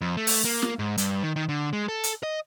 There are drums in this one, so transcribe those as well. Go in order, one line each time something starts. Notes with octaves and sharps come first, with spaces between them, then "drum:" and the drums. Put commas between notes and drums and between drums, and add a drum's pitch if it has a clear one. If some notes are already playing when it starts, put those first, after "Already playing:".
F2
A3
drum: open hi-hat
A#3
drum: snare
G#2
G2, drum: hi-hat
D#3
D#3
D3
G#3
A4
drum: hi-hat
D#5